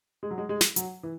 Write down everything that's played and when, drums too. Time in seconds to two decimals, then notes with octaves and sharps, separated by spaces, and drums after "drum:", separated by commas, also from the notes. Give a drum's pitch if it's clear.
0.23 G#3
0.31 F#3
0.38 G#3
0.49 G#3
0.61 drum: snare
0.76 F#3, drum: hi-hat
1.03 E3